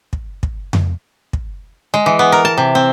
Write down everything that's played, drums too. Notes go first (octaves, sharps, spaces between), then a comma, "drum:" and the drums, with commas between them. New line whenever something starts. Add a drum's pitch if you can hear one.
drum: kick
drum: kick
drum: tom F2
drum: kick
G#3
E3
B3
A#4
A5
C3
C4